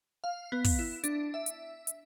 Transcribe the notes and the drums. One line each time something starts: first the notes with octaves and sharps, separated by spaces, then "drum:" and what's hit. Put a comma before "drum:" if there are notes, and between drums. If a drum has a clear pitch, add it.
F5
B3
drum: kick, open hi-hat
E4
D4, drum: hi-hat
E5
drum: hi-hat
drum: hi-hat